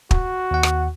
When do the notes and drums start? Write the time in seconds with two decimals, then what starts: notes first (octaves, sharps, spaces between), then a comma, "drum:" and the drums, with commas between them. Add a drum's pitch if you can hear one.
0.11 F#4, drum: kick
0.51 D#2 F#5
0.63 drum: rim click